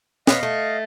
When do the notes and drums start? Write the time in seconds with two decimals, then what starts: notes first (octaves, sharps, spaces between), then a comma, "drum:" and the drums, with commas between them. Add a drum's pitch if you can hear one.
0.27 B3 C#5 D#5 F5, drum: snare
0.43 A3